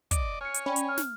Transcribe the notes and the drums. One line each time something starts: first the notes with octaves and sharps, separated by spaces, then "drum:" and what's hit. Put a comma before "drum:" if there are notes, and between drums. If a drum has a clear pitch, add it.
D5 D#5 D6, drum: kick, hi-hat
C#5 G#5 F6 C#7
drum: hi-hat
C#4 D5 G5 B5
drum: hi-hat
F6
drum: snare